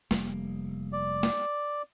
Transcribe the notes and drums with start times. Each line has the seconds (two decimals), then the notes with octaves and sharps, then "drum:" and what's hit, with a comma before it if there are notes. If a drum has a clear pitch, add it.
0.11 F1 G3 A#3, drum: snare
0.93 D5
1.23 drum: snare